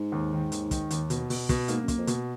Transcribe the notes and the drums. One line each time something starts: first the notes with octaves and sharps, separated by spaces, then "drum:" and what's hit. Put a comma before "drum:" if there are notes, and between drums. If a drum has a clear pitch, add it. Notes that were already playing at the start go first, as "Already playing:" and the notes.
Already playing: G#2
D#2
D#3
D#2, drum: hi-hat
D#3, drum: kick, hi-hat
D#2, drum: hi-hat
B2, drum: hi-hat
B2, drum: open hi-hat
B2, drum: kick, hi-hat
G#2 A#3, drum: hi-hat
F#2
A#3, drum: kick, hi-hat
F2
B2, drum: hi-hat